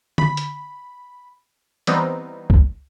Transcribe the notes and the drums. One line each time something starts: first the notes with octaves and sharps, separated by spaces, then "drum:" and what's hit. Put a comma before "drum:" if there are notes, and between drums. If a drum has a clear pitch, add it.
B5, drum: tom D3
drum: hi-hat
E3 G3 B3 C4 D#4, drum: hi-hat
drum: kick